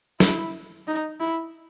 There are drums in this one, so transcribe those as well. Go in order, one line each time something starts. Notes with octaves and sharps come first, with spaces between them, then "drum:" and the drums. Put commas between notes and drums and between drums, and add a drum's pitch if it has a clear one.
E4, drum: snare
D#4
E4